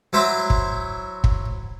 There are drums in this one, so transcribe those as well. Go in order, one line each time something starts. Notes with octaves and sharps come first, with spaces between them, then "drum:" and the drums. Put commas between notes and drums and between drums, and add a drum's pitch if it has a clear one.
F#3 E4 C5 D6
drum: kick
drum: kick